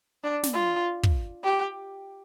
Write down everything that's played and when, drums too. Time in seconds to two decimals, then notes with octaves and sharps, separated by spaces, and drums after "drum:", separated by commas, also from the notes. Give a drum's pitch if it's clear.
0.24 D4
0.43 drum: snare
0.53 F4
1.03 drum: kick
1.44 G4